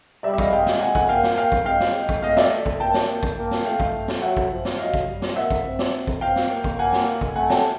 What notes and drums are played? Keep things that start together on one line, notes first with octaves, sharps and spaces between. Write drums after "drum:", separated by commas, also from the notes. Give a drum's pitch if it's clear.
G3 D5 E5
E5
D#5 F5, drum: kick
G#3 F5 G5
drum: snare
F#5 G#5
F#5 G#5, drum: kick
A#3 F5 G5
drum: snare
F5 G5
drum: kick
G#3 F5 G5
drum: snare
G#3
drum: kick
A3 D#5 F5
D5 E5, drum: snare
drum: kick
A#3 G5 A5
drum: snare
drum: kick
A#3
drum: snare
A3 F5 G5
drum: kick
drum: snare
F#3 E5 F#5
drum: kick
F3
drum: snare
F#3 D#5 F5
drum: kick
G3
drum: snare
A#3 E5 F#5
drum: kick
C4
drum: snare
drum: kick
C4 F5 G5
drum: snare
A#3
drum: kick
A#3 F#5 G#5
drum: snare
drum: kick
A3 F#5 G#5
G5 A5, drum: snare